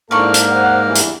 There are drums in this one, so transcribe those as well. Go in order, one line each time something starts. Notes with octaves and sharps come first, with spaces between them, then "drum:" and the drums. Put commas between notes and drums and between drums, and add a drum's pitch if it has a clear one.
G#2 A#3 D4 E4 A4 D5 C#6 F6
drum: hi-hat
C5 F#5
E2 G2 E3
drum: hi-hat